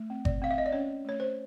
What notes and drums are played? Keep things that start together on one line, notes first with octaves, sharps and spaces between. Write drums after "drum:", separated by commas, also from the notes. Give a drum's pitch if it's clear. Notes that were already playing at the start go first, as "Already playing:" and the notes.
Already playing: A3
C4
D5, drum: kick G1
C4 F5
E5
D#5
D5
C#4 C#5
A3 C#5
C5